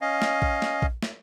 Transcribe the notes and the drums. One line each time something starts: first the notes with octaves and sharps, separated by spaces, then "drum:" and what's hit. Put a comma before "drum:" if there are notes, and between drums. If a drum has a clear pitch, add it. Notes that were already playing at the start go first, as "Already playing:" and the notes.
C#4 D#5 F5
drum: snare
drum: kick A#1
drum: snare
drum: kick A#1
drum: snare